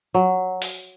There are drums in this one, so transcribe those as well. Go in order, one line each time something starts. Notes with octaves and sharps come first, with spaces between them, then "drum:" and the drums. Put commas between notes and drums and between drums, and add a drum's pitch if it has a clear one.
F#3
drum: open hi-hat